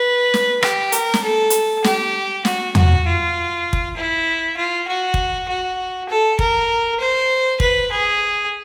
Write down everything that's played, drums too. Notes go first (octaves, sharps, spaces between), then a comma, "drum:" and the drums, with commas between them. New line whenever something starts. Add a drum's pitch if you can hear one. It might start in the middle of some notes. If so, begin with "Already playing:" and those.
Already playing: B4
drum: snare
G4, drum: rim click
A#4, drum: hi-hat
drum: snare
A4
drum: hi-hat
G4, drum: snare
F#4, drum: snare
F#4, drum: tom E2
F4
drum: kick
E4
F4
F#4
drum: kick
F#4
A4
A#4, drum: kick
C5
B4, drum: kick
G#4